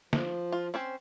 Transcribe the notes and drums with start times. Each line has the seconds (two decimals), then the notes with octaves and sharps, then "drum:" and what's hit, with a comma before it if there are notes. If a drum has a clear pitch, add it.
0.13 F3, drum: snare
0.52 F4
0.74 C4 C#4 C5